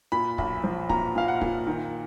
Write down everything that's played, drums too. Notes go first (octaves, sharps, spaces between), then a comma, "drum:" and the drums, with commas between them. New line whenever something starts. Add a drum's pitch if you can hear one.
A#2 B5
B1, drum: kick
F3
A#2 A#5, drum: kick
A#2 F5
F#5
A#2, drum: kick
D#3